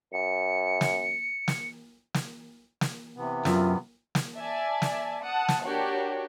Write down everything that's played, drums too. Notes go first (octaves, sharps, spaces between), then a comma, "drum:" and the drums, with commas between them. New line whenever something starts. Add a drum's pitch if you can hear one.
F#2 C#7
drum: snare
drum: snare
drum: snare
drum: snare
C3 E3 B3
F#2 F4, drum: snare
drum: snare
D5 E5 G#5 A5
drum: snare
F#5 A5 D#6
drum: snare
D4 F#4 G4 A#4 C#5